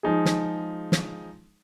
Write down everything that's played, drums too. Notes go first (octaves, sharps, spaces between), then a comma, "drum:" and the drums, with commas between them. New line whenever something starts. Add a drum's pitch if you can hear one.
F3 G#3 D#4 F4 G#4
drum: snare
drum: snare